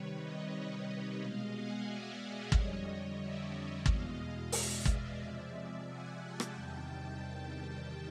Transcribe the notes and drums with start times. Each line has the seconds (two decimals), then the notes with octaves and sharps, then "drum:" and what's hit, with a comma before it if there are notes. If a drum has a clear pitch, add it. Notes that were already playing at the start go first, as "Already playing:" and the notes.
Already playing: C3 D#3 G3 B4 C#5
0.19 C#5 D#5
1.19 B2 G#3 D#5 F5
1.52 F#5 G#5
1.85 D5 E5
2.52 F2 D3 G3 C#5 D#5, drum: kick
2.85 C#5 D#5
3.19 D5 E5
3.52 D5 E5
3.86 E2 B2 G#3 D#5 F5, drum: kick
4.52 D5 E5, drum: open hi-hat
4.85 D5 E5, drum: kick
5.19 C3 F3 G#3 D5 E5
5.86 F#5 G#5
6.20 G5 A5
6.40 drum: rim click
6.52 E2 C3 D#3 G3 G5 A5